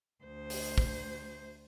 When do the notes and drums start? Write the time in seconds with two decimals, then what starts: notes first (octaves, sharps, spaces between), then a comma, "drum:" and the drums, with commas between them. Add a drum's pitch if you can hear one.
0.24 D2 C5
0.50 drum: open hi-hat
0.78 drum: kick